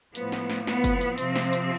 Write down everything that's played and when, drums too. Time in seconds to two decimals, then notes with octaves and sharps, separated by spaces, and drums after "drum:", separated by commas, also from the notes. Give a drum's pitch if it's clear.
0.15 A2 F3 B3, drum: hi-hat
0.32 drum: snare
0.50 drum: snare
0.67 B3, drum: snare
0.84 drum: kick F#1, hi-hat
1.01 drum: hi-hat
1.18 C3 F3 C4, drum: hi-hat
1.36 drum: snare
1.53 drum: hi-hat